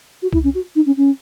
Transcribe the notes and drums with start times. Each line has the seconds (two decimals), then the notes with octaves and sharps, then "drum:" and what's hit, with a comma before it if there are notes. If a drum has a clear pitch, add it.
0.22 F#4
0.33 E4, drum: kick C2
0.44 C#4
0.54 F#4
0.75 D#4
0.86 C#4
0.97 C#4